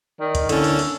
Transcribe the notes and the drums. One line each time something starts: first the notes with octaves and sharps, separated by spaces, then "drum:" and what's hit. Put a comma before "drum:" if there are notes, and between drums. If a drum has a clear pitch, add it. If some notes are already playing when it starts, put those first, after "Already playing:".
D#3 D#4 D5
drum: kick C#2, hi-hat
D3 A#3 C4 C#4 E4 A4, drum: hi-hat
drum: open hi-hat
drum: open hi-hat